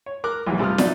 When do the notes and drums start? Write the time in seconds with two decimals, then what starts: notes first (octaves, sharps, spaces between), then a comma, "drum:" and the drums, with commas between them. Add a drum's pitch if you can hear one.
0.06 C#5
0.24 A#4 D6 F#6
0.47 B1 E2 E3 G3 A#3
0.59 G2 C3 A3 F4 D#6 F6
0.78 F#3 D4 D#4 D5 E5, drum: snare